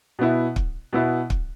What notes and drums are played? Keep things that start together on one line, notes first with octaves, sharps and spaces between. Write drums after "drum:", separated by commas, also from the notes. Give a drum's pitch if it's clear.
B2 B3 E4
drum: kick
B2 B3 E4
drum: kick